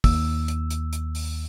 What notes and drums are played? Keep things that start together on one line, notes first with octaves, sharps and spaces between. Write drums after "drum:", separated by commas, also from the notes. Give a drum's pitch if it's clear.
D#2 E6, drum: kick, open hi-hat
drum: hi-hat
drum: hi-hat
drum: hi-hat
drum: open hi-hat